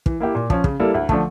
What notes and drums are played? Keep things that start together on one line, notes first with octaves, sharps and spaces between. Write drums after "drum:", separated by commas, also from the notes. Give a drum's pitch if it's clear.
E3, drum: kick
A#3 E4 G4
A#2
F3 C#4, drum: kick
C#3, drum: kick
G3 A#3 E4 A4
D2
D3 F3 A3, drum: kick